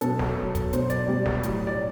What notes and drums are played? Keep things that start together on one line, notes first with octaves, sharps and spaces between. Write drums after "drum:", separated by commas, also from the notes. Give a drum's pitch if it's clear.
B2 F#3 A4, drum: hi-hat
drum: snare
B2 F#3
drum: kick, hi-hat
B2 F#3 C5, drum: hi-hat
D5, drum: hi-hat
B2 G3 D5
drum: snare
A2 F#3, drum: hi-hat
D5